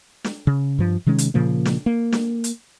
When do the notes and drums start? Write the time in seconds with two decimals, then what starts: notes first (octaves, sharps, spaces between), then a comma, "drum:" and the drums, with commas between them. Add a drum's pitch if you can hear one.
0.24 drum: snare
0.47 C#3
0.79 G2 F3
1.06 C3 D#3 G#3 C#4
1.18 drum: hi-hat
1.34 A#2 C#3 F3 A#3
1.65 drum: snare
1.86 A#3
2.12 drum: snare
2.44 drum: hi-hat